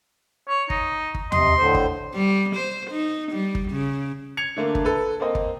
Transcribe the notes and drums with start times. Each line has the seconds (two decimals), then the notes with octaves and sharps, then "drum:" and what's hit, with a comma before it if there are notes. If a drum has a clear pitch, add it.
0.49 C#5
0.70 D#4, drum: kick
1.15 drum: kick
1.32 C3 D#5 C6, drum: tom
1.58 A2 D3 C5
1.75 drum: kick
2.14 G3
2.56 C5
2.91 D#4
3.32 G3
3.55 drum: kick
3.71 C#3
4.37 G#6 C#7 F7
4.57 D3 A3 A#3
4.75 drum: kick
4.85 A4 B4
5.20 A#3 C4 D#5
5.35 drum: kick